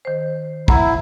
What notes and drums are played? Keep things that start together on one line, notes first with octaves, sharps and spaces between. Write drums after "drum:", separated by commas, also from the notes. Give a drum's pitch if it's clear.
D#3 C5
E4 F#5 A#5, drum: kick